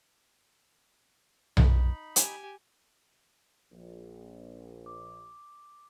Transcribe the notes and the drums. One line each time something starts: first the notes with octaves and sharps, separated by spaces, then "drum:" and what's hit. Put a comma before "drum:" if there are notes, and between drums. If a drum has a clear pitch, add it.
D#4 B5, drum: tom B1
G4 G#5, drum: hi-hat
A#1
D6